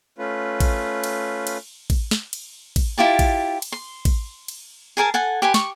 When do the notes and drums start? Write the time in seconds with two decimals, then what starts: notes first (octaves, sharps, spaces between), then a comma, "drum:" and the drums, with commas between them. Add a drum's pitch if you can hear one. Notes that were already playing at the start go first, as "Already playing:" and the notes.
0.18 A3 C#4 F4 B4
0.60 drum: kick, cymbal
1.04 drum: cymbal
1.47 drum: cymbal
1.90 drum: kick, cymbal
2.11 drum: snare
2.33 drum: cymbal
2.76 drum: kick, cymbal
2.98 E4 F4 G4 A5
3.19 drum: kick, cymbal
3.62 drum: cymbal
3.72 C6
4.05 drum: kick, cymbal
4.48 drum: cymbal
4.97 G#4 A#4 G#5 A5
5.14 A4 F#5 G#5
5.42 G4 B4 G#5 C6
5.54 C#6, drum: snare